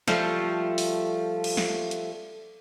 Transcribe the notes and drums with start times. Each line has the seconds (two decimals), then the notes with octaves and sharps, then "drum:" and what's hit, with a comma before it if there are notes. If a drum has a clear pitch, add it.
0.08 F3 G3 A3, drum: snare
0.78 drum: open hi-hat
1.44 drum: cymbal
1.57 drum: snare
1.91 drum: hi-hat